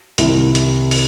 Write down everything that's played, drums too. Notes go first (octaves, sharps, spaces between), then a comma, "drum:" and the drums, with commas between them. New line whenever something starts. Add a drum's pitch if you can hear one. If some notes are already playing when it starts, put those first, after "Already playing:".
C2 C3 D#3, drum: hi-hat
drum: hi-hat
drum: open hi-hat